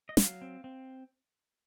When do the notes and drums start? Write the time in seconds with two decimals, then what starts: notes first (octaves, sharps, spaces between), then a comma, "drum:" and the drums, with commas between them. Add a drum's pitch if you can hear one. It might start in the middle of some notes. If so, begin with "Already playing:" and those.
0.09 D#5
0.17 F#3 F5, drum: snare
0.42 C4
0.64 C4